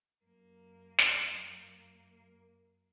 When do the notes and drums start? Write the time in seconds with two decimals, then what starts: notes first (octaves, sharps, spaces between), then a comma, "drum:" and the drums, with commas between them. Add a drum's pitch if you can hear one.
0.25 F#2 A#3
0.98 drum: snare